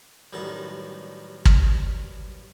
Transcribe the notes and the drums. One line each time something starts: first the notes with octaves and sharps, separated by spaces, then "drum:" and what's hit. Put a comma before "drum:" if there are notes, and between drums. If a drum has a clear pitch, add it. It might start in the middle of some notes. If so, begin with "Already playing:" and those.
A1 F#2 D#3 G3 A5
drum: kick